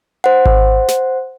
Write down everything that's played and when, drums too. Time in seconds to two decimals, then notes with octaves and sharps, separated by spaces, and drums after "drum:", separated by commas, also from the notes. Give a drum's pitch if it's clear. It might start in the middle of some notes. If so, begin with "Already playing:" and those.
0.24 C5 F#5
0.46 drum: kick G#1
0.88 drum: snare